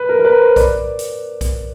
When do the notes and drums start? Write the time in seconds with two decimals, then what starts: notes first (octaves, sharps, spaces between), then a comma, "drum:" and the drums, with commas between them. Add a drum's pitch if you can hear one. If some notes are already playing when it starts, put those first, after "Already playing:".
Already playing: B4
0.09 A#4
0.19 A#4
0.25 B4
0.41 C5
0.56 D5, drum: kick B1, hi-hat
0.99 drum: hi-hat
1.41 drum: kick B1, hi-hat